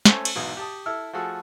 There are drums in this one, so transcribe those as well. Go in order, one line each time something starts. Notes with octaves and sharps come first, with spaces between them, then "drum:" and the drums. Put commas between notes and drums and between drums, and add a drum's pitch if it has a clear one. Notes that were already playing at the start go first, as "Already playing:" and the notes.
A3 C#4 C5 C#5 G#5 A5, drum: snare
drum: cymbal
B1 E2 G#2 B2
G4 A5 D#6
E4 A4 E5 E6 F6
F3 A3 F#4 G#4 A4